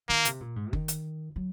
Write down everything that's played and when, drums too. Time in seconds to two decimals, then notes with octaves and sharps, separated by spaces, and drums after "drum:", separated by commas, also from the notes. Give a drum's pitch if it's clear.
0.09 D#3 A#3
0.25 C3, drum: hi-hat
0.41 A#2
0.56 G#2
0.73 D#3, drum: kick F#1
0.88 drum: hi-hat
1.36 F#3